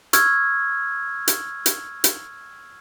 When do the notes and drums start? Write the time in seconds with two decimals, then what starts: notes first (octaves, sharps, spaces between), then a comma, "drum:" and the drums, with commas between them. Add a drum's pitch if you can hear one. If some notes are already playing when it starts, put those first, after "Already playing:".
0.13 C#6 E6 F6 G#6, drum: hi-hat
1.28 drum: hi-hat
1.66 drum: hi-hat
2.04 drum: hi-hat